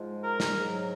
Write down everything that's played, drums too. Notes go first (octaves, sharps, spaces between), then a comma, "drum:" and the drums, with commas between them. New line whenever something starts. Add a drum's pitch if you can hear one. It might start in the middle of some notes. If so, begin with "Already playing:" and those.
Already playing: G#2 F3 G#3
A#4
drum: snare
G#2 F#3